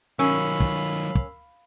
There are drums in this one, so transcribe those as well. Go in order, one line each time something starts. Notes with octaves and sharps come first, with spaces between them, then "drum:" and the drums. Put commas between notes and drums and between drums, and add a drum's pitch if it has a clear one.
D#3 F#3 C#4 A#4 F5 B5 E6
drum: kick
drum: kick